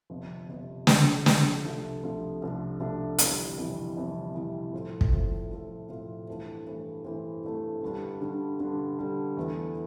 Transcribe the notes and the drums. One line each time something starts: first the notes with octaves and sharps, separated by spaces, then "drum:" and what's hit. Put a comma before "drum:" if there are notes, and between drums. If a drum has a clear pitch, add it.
G1 F2 C3 F3
G1 F2 C3 F3
G1 F2 C3 F3, drum: snare
G1 F2 C3 F3, drum: snare
C2 C3 F3 A3 D4
C2 C3 F3 A3 D4
C2 C3 F3 A3 D4
C2 C3 F3 A3 D4
G1 F2 C3 E3 G3, drum: hi-hat
G1 F2 C3 E3 G3
G1 F2 C3 E3 G3
G1 F2 C3 E3 G3
A2 F3 C4 F4 A4
drum: kick
A2 F3 C4 F4 A4
A2 F3 C4 F4 A4
A2 F3 C4 F4 A4
G2 E3 A3 C4
G2 E3 A3 C4
G2 E3 A3 C4
G2 E3 A3 C4
G2 D3 G3 D4
G2 D3 G3 D4
G2 D3 G3 D4
G2 D3 G3 D4
E2 E3 A3 E4 A4